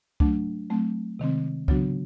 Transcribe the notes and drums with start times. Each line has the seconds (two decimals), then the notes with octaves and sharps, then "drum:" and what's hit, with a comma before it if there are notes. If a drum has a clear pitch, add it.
0.20 F#3 A3 D4, drum: kick
0.70 F#3 A3 C4
1.19 C3 D#3 G#3 C4
1.68 C#3 F#3 B3 D4 F#4, drum: kick